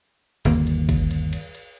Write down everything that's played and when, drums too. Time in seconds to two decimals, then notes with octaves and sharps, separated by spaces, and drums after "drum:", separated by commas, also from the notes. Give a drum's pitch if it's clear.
0.45 G1 D#2 A#3, drum: cymbal
0.67 drum: cymbal
0.89 drum: kick A1, cymbal
1.11 drum: cymbal
1.33 drum: cymbal
1.55 drum: cymbal